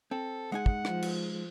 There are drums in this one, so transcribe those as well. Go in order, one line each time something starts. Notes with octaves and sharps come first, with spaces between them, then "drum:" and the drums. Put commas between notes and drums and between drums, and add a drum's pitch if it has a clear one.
C4 A4
G#3 D#4 F#5 G#5
drum: kick
F3, drum: rim click
drum: cymbal